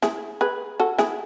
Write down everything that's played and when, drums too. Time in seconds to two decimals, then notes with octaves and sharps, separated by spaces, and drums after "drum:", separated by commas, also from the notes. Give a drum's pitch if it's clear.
0.02 E4 G#4, drum: snare
0.41 G#4 B4
0.80 F#4 A4
0.98 E4 G#4, drum: snare